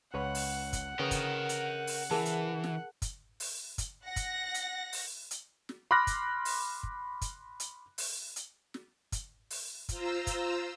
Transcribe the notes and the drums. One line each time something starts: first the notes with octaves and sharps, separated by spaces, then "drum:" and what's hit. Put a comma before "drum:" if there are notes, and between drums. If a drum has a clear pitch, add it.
C#2 B4 C#5 F#5
drum: open hi-hat
drum: kick, hi-hat
C#3 A#4 B4 G5 D#6
drum: kick, hi-hat
drum: hi-hat
drum: open hi-hat
E3 G#4 A#4 A5
drum: hi-hat
drum: snare
drum: kick, hi-hat
drum: open hi-hat
drum: kick, hi-hat
F#5 A#6
drum: kick, hi-hat
drum: hi-hat
drum: open hi-hat
drum: hi-hat
drum: snare
B5 C6 D6 F6 F#6 A#6
drum: kick, hi-hat
drum: open hi-hat
drum: kick
drum: kick, hi-hat
drum: hi-hat
drum: open hi-hat
drum: hi-hat
drum: snare
drum: kick, hi-hat
drum: open hi-hat
F4 C5 A#5 E6, drum: kick, hi-hat
drum: kick, hi-hat